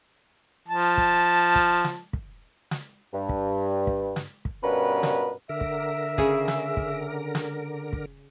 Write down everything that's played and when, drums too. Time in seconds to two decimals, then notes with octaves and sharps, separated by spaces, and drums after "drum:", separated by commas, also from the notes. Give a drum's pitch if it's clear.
0.69 F3 A5
0.97 drum: kick
1.55 drum: kick
1.84 drum: snare
2.13 drum: kick
2.71 drum: snare
3.14 G2
3.29 drum: kick
3.87 drum: kick
4.16 drum: snare
4.45 drum: kick
4.64 G2 B2 B3 C#4 A#4 B4
5.03 drum: snare
5.49 D3 A#4 E5
5.61 drum: kick
6.18 C#3 G#4, drum: kick
6.48 drum: snare
6.77 drum: kick
7.35 drum: snare
7.93 drum: kick